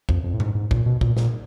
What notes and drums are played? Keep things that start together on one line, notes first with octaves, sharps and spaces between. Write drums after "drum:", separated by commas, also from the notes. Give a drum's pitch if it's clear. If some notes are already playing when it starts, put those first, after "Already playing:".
F2, drum: kick
F2
A2
G#2, drum: tom A2
G#2
A#2, drum: kick
B2
A#2, drum: kick
A#2, drum: snare